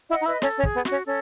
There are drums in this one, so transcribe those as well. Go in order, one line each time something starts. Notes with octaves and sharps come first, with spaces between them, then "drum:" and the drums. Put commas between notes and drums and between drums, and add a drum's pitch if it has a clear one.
E4 D#5 F#5
D#4
E4 B4 D#5
C#4 A4, drum: snare
C#4
G#4, drum: kick
B3
F#4, drum: snare
C#4
C#4 A4